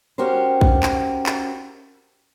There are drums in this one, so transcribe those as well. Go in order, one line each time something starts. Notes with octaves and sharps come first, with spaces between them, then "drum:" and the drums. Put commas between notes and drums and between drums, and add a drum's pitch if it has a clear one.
C#4 F#4 G4 A#4 C5
drum: kick A#1
drum: clap
drum: clap